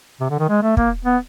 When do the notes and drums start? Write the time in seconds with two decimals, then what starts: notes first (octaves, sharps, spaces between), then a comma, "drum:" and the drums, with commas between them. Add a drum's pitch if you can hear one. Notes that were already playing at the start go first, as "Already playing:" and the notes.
0.20 C3
0.30 D3
0.39 D#3
0.49 G#3
0.63 A3
0.77 A#3, drum: kick
1.05 B3